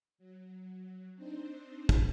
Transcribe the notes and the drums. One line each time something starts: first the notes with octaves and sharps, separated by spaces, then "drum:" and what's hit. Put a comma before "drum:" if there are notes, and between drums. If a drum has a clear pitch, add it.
F#3
C4 D4 D#4 C5
drum: kick